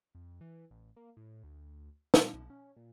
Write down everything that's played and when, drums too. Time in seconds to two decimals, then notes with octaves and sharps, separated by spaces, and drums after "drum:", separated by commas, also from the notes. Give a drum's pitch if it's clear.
0.15 F2
0.41 E3
0.71 A1
0.96 A#3
1.17 A2
1.44 D2
2.14 G3, drum: snare
2.34 B1
2.50 C#4
2.76 A#2